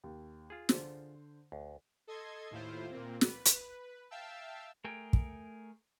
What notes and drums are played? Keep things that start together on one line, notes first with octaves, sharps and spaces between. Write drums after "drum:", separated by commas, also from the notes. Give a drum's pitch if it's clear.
D#2
F4 G#4
D3 C5, drum: snare
D2
A4 D#5 C6 G#6
D#2 A2 E4 F4 C5
A#2 A#3 C4
B4, drum: snare
drum: hi-hat
E5 F5 G5 A5 E6
A3 G#4 A#4 G5
drum: kick